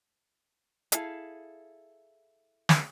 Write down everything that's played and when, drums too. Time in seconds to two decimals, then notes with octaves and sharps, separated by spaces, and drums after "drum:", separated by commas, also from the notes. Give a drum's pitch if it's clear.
0.92 E4 G#4 A4 F5, drum: hi-hat
2.69 drum: snare